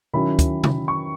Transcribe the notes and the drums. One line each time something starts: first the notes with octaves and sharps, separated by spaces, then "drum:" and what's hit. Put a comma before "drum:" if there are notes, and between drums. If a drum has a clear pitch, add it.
D#3 F#3 C#4 E4 B5
drum: kick, hi-hat
drum: tom C3
C#6